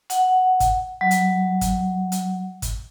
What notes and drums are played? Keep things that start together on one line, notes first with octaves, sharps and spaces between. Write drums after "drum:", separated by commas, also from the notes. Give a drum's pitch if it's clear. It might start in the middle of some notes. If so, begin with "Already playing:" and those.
F#5, drum: hi-hat
drum: kick, hi-hat
F#3
drum: hi-hat
drum: kick, hi-hat
drum: hi-hat
drum: kick, hi-hat